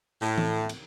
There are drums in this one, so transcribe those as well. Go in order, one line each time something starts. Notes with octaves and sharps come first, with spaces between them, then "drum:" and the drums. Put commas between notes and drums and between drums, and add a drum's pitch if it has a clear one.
A2
drum: tom E3
drum: cymbal